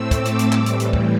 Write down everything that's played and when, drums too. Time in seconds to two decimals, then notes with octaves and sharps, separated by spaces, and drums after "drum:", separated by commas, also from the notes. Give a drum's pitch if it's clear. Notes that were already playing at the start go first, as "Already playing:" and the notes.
Already playing: A2 A3 C4 E6
0.11 D6, drum: kick, hi-hat
0.25 drum: hi-hat
0.39 drum: hi-hat
0.52 A2 E3 G3, drum: clap
0.66 drum: hi-hat
0.80 drum: hi-hat
0.93 drum: kick